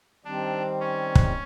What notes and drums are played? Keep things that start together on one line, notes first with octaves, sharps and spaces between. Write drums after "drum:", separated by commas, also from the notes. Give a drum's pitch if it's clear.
D#3 G3 C4 D4
C#4
drum: kick